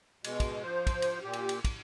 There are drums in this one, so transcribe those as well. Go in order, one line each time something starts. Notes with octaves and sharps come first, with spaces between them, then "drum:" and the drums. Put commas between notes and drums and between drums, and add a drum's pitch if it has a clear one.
B2 G#3, drum: cymbal
drum: kick, cymbal
F3 C5
drum: kick, cymbal
drum: cymbal
A#2 G4
drum: cymbal
drum: cymbal
drum: kick, cymbal